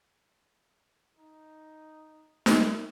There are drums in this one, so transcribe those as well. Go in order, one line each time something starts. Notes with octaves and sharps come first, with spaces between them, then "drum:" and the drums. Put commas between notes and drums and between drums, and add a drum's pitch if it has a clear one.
D#4
E5, drum: snare